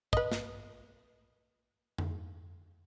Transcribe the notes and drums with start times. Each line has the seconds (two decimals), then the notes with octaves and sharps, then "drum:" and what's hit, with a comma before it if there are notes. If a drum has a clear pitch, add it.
0.13 B4 D#5, drum: kick
0.32 drum: snare
1.98 drum: tom F2